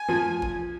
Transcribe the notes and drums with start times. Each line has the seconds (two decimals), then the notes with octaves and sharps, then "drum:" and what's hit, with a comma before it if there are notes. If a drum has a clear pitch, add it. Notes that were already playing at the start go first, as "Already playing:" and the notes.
Already playing: G#5
0.08 F3, drum: tom F#2
0.42 drum: kick G1